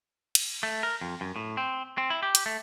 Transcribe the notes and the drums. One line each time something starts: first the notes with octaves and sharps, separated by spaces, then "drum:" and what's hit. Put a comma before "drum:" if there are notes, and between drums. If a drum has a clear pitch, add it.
drum: cymbal
A3
A#4
F2
F#2
A2
C4
C4
E4
G4
drum: hi-hat
A3